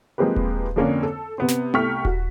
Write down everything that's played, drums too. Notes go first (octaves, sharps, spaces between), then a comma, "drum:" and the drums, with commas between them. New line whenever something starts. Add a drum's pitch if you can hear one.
F3 G#3 A#3 C4 G4 B4
drum: kick D#1
F2 D3 A#3 C#4 D4
A4
C3 B3 C4
drum: snare
C2 A3 G5 C#6 F6 B6, drum: tom B3
F#4, drum: kick D#1